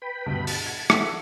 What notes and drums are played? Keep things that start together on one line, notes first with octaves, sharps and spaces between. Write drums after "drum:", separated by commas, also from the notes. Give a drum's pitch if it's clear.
B4 G5 B5
D2 G2 B2
A5, drum: open hi-hat
G#6
A4 E5 F#5, drum: rim click